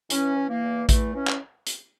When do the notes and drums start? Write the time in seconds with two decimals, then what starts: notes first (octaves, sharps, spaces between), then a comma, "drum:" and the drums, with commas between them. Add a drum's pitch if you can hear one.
0.10 E3 C#4, drum: hi-hat
0.36 E3
0.49 A#3
0.62 E2
0.89 E3 A3, drum: kick A1, hi-hat
1.15 E3 C#4
1.28 drum: clap
1.67 drum: hi-hat